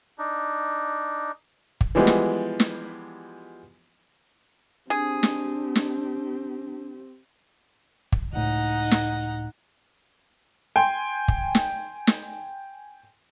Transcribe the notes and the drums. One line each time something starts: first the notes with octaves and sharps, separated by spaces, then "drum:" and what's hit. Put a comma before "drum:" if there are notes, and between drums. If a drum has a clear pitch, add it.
D4 D#4
drum: kick
E3 F3 G3 G#3 B3
drum: snare
drum: snare
C4 D4 G4 G#4
drum: snare
drum: snare
drum: kick
C#2 A2 D#4 F#5
drum: snare
G5 G#5 C6
drum: kick
drum: snare
drum: snare